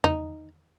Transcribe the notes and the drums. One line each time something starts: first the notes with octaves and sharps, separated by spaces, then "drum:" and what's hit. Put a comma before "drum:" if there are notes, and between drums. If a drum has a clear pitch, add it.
D#4, drum: tom E2